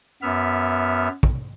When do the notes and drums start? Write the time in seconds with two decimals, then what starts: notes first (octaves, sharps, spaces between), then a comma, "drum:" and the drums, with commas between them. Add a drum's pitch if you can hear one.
0.22 F#2 B3 E5 F6
1.23 drum: kick